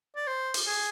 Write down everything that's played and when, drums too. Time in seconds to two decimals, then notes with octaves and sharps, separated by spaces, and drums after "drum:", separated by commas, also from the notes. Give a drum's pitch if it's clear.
0.16 D5
0.27 C5
0.54 drum: open hi-hat
0.67 G#4